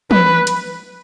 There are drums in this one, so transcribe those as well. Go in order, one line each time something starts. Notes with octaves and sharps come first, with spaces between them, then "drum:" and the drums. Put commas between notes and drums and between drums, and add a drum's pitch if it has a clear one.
B4, drum: tom
drum: hi-hat